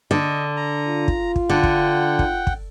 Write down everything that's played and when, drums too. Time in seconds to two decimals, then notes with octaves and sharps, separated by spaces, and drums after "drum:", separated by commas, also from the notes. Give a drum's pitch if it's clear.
0.11 D3 D#5
0.56 A#5
0.87 F4
1.08 drum: kick
1.36 drum: kick
1.49 D3 F#5 G5
1.63 drum: kick
2.19 drum: kick
2.47 drum: kick